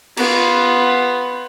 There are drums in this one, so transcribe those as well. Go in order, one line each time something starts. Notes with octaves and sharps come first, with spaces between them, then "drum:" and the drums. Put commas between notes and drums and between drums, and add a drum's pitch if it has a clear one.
B3 F4, drum: cymbal